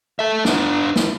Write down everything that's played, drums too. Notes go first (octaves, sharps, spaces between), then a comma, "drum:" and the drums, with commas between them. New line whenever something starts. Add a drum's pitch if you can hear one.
A4 E5
B3 D4, drum: snare
drum: snare